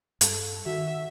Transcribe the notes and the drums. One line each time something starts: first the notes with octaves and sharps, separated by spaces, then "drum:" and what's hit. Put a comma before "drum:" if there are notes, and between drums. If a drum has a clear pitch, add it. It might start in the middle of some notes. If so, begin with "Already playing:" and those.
G2 A4, drum: hi-hat
D#3 F#4 E5